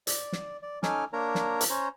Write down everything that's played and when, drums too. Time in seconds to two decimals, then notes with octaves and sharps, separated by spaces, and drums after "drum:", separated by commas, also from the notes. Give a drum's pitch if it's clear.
0.07 D5, drum: hi-hat
0.32 drum: snare
0.62 D5
0.83 C#4 D#4 A4 G#5 D6 F6, drum: snare
1.13 A#3 D4 A#4 C#5 A#5
1.35 drum: snare
1.61 drum: hi-hat
1.70 C#4 C5 C#5 A#5